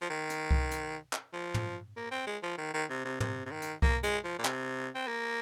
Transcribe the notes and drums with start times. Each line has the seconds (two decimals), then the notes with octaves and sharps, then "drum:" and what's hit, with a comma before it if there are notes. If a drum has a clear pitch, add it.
0.02 F3
0.10 D#3
0.30 drum: hi-hat
0.51 drum: kick C2
0.71 drum: hi-hat
1.13 drum: clap
1.33 F3
1.54 drum: tom
1.96 A#3
2.11 C4
2.27 G#3
2.43 F3
2.58 D#3
2.74 D#3
2.90 C3
3.05 C3
3.20 C3, drum: tom
3.46 C3
3.51 D#3
3.62 drum: hi-hat
3.82 A#3, drum: kick C2
4.03 G#3, drum: hi-hat
4.24 F3
4.39 A#2
4.45 C3, drum: clap
4.95 C4
5.07 A#3